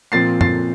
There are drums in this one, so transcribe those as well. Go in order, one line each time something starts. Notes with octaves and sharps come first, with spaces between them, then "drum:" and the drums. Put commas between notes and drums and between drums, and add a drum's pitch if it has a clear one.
A#2 F3 C4 A6 C7
A6 C7, drum: tom